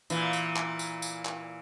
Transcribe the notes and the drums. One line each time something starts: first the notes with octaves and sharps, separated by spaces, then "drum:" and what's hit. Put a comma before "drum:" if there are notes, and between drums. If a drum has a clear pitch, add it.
A#2 E3, drum: tambourine
drum: tambourine
drum: clap
drum: tambourine
drum: tambourine
drum: clap